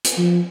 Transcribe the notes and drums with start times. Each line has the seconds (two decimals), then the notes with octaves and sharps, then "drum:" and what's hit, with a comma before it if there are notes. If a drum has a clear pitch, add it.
0.04 drum: hi-hat
0.18 F3